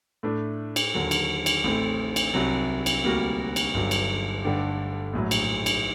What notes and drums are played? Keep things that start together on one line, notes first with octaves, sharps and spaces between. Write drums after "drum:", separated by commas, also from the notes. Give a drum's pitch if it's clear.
A2 A3 D4
drum: cymbal
D#2 D3 F#3
drum: cymbal
drum: cymbal
A1 A2 A3 C4
drum: cymbal
C2 C3 F#3
drum: cymbal
D2 C3 G3 A#3 F#4
drum: cymbal
G1 G2 F#3
drum: cymbal
G2 D3 A3 D4 G4
A#1 A2 F#3
drum: cymbal
drum: cymbal